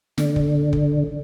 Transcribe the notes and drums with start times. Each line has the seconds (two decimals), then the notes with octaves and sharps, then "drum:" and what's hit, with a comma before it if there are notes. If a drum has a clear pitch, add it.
0.18 D3, drum: snare
0.36 drum: kick
0.73 drum: kick